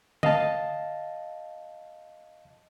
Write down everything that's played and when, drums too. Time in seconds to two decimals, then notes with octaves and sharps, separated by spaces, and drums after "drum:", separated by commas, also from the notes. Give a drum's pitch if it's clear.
0.23 D#5 F5 A5, drum: tom D3